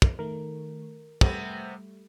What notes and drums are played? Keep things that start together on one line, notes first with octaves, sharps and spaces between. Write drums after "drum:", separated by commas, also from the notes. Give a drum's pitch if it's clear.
drum: kick
D#3 A3 A#4
C3 G3 A3 B3 C4, drum: kick